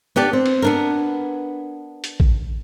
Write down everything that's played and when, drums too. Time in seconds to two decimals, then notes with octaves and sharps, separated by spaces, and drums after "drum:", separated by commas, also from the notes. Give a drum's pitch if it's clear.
0.16 B3 D4 G4 D5
0.33 C4
0.46 drum: cymbal
0.62 B3 D4 A#4
2.04 drum: hi-hat
2.20 drum: kick A1